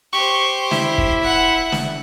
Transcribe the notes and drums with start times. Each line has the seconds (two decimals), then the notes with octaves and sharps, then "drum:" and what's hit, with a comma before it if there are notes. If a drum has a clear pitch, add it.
0.13 G4 C5 C#6
0.71 E4, drum: snare
0.98 drum: kick
1.23 F#5
1.72 drum: snare